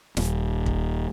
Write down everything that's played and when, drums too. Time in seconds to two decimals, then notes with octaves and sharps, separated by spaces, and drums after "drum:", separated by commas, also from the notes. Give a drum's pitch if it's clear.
0.17 D#1, drum: snare
0.66 drum: kick